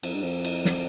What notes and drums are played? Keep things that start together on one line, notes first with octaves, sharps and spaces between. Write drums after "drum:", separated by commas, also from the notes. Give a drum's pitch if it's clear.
F2, drum: cymbal
G2
F2
drum: cymbal
drum: snare